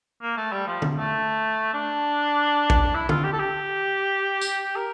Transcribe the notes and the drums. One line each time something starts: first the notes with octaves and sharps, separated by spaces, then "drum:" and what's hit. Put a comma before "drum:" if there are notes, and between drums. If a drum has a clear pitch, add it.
A#3
A3
G3
F3
drum: tom
A3
D4
drum: kick
E4
F4, drum: tom
G4
A4
G4
drum: tambourine
A#4